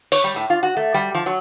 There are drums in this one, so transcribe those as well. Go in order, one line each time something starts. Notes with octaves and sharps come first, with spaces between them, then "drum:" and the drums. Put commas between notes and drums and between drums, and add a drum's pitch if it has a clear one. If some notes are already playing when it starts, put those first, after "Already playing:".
C#5, drum: open hi-hat
G3
A2
F4
F#4
A3
G3
F3
F#3